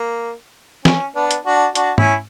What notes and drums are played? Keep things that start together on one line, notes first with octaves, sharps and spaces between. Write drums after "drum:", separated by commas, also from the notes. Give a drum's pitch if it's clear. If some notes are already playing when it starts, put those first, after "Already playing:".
Already playing: A#3
C#4, drum: snare
B3 D4
drum: hi-hat
D4 F#4
D4 F#4, drum: hi-hat
C#4 E4, drum: tom G#2